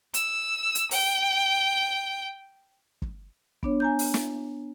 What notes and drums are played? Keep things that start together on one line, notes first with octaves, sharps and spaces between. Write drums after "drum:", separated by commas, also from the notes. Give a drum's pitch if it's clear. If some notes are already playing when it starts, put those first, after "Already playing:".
E6, drum: hi-hat
drum: hi-hat
G5, drum: open hi-hat
drum: kick
B3 D4 C#5, drum: kick
G#5 A#5 G6
drum: open hi-hat
drum: snare